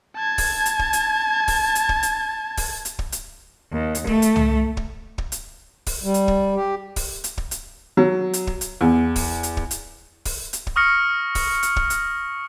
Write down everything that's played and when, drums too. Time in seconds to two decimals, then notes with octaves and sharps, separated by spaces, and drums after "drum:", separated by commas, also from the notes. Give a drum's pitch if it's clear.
0.16 A5 G#6
0.38 drum: kick, open hi-hat
0.66 drum: hi-hat
0.79 drum: kick
0.93 drum: hi-hat
1.48 drum: kick, open hi-hat
1.75 drum: hi-hat
1.89 drum: kick
2.03 drum: hi-hat
2.58 drum: kick, open hi-hat
2.85 drum: hi-hat
2.99 drum: kick
3.12 drum: hi-hat
3.72 D#2
3.95 drum: hi-hat
4.07 A3, drum: kick
4.22 drum: hi-hat
4.36 drum: tom
4.77 drum: kick
5.18 drum: kick
5.32 drum: hi-hat
5.87 drum: kick, open hi-hat
6.03 G3
6.14 drum: hi-hat
6.28 drum: kick
6.55 G4
6.96 drum: kick, open hi-hat
7.24 drum: hi-hat
7.37 drum: kick
7.51 drum: hi-hat
7.97 F#3
8.33 drum: hi-hat
8.47 drum: kick
8.61 drum: hi-hat
8.81 E2
9.16 drum: kick, open hi-hat
9.43 drum: hi-hat
9.57 drum: kick
9.71 drum: hi-hat
10.25 drum: kick, open hi-hat
10.53 drum: hi-hat
10.67 drum: kick
10.76 C#6 D#6 F6 A#6 C#7
11.35 drum: kick, open hi-hat
11.63 drum: hi-hat
11.76 drum: kick
11.90 drum: hi-hat